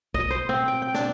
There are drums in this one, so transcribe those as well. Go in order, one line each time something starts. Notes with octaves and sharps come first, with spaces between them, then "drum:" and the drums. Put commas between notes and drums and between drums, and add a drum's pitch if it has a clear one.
D#5, drum: kick
C5
C4
G5
G5
D4, drum: snare